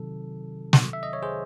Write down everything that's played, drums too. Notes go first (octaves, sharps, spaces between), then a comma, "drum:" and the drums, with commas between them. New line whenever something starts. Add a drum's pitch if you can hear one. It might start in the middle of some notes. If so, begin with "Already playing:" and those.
Already playing: C3 D#3 F#3 A4
drum: snare
E5
D#5
C#5
G#4 C5